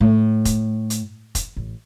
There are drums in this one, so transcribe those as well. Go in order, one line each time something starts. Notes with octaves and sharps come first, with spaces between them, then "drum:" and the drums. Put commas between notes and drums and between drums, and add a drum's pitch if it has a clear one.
A2
drum: kick F1, hi-hat
drum: hi-hat
drum: kick F1, hi-hat
A1